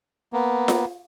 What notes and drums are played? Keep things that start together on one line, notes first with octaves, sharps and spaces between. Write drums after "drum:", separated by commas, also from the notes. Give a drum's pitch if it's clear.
A#3 B3
drum: snare F4